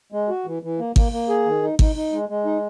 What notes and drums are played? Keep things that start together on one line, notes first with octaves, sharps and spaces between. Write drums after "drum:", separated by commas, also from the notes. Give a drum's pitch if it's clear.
G#3
F#4
E3
E3
A#3
A#3, drum: kick G#1
A#3
G#4
D#3
D#4
D#4, drum: kick G#1
D#4
G#3
G#3
D#4